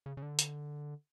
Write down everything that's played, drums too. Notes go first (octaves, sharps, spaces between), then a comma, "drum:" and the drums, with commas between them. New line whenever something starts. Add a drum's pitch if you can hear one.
C#3
C#3
D3
drum: hi-hat